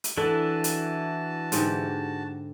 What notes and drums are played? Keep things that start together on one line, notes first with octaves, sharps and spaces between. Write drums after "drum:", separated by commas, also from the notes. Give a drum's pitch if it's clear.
drum: hi-hat
E3 D4 E4 F#4 A4 A5
drum: hi-hat
G#2 D3 G4, drum: hi-hat